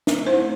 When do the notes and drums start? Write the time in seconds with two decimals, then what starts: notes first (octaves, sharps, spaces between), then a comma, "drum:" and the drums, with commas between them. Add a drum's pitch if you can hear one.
0.07 drum: snare
0.26 A3 C4 E4 C5